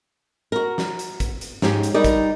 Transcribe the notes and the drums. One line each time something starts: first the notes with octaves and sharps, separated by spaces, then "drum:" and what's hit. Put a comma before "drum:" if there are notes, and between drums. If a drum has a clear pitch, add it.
F#4 A#4
drum: snare
drum: hi-hat
drum: kick, hi-hat
drum: hi-hat
G#2 C#4 G4, drum: snare
drum: hi-hat
G3 D#4 A#4 D5
drum: kick, hi-hat